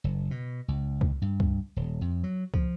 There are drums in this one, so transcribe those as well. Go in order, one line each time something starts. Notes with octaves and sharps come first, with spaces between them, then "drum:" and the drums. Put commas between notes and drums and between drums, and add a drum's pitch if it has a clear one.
F#1
B2
C#2
drum: kick C#2
G2
drum: kick C#2
D#1
F2
F#3
F3, drum: kick C#2